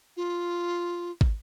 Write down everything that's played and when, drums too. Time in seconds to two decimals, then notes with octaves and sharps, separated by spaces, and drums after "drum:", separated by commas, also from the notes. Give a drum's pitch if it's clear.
0.17 F4
1.21 drum: kick